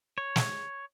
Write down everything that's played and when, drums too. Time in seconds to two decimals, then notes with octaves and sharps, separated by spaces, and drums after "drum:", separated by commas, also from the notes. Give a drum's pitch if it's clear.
0.18 C#5
0.36 drum: snare